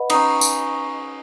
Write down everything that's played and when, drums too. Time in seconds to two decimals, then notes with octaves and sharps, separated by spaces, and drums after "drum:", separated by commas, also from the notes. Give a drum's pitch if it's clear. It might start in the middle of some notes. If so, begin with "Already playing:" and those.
Already playing: B4 D#5 F#5 B5
0.10 C#4 D#4, drum: cymbal
0.41 drum: tambourine